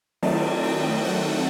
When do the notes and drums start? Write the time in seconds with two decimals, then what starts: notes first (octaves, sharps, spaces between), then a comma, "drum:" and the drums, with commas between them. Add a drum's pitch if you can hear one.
0.23 D#3 F#3 A3 C4 A5, drum: cymbal
0.64 G5
1.05 F#5